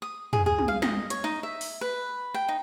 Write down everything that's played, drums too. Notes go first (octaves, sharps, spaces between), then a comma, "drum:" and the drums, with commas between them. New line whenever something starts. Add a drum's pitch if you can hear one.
D#6
G#4, drum: tom
G#4
drum: tom
F5
D#5, drum: snare
C#5, drum: hi-hat
D#4
E5
drum: open hi-hat
B4
G5
D#4